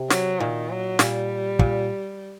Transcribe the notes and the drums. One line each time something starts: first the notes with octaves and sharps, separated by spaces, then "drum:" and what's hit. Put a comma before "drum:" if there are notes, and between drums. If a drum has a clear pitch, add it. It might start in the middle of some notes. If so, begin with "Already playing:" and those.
Already playing: C3
F#3, drum: snare
A#2 D#3
F#3
A#2 G3, drum: snare
A#2, drum: kick